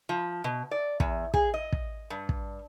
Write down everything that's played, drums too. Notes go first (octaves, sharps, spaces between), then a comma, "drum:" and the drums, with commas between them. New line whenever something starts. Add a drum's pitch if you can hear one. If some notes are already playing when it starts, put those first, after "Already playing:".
F3
B2
D5
E2, drum: kick
G#4, drum: kick
D#5
drum: kick
G2
drum: kick